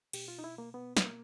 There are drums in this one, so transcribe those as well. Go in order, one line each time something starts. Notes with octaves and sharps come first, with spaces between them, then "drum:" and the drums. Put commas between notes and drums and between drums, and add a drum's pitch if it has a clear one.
B2 G4, drum: cymbal
F4
D#4
E4
A#3
B3
B3, drum: snare
A#3